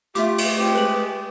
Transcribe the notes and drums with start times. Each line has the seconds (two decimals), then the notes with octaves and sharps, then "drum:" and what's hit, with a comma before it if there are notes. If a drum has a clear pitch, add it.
0.15 A3 F4 G4 E5 D6, drum: hi-hat
0.38 drum: cymbal
0.58 C4 F4 G4
0.75 G#3 B4 F#7